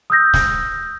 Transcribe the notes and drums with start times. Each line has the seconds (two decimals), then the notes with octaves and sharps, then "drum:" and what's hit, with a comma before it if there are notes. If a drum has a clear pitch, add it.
0.10 D#6 E6 G6 A#6
0.34 drum: snare